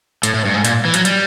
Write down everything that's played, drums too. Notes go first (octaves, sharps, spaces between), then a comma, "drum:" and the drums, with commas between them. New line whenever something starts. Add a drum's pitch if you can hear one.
A2, drum: hi-hat
A2
G2
G#2
A#2, drum: hi-hat
E3
F#3, drum: hi-hat
G3, drum: hi-hat